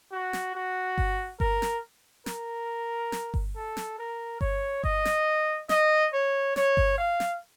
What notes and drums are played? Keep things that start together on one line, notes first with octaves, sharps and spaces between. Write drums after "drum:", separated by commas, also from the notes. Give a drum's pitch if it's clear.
F#4
drum: snare
F#4
drum: kick G1
A#4, drum: kick G1
drum: snare
A#4, drum: snare
drum: snare
drum: kick G1
A4
drum: snare
A#4
C#5, drum: kick G1
D#5, drum: kick G1
drum: snare
D#5, drum: snare
C#5
C#5, drum: snare
drum: kick G1
F5
drum: snare